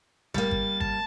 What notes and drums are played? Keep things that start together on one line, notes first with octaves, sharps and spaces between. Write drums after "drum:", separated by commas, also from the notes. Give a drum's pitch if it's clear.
G3 A#3 A6, drum: snare
drum: kick
A5, drum: kick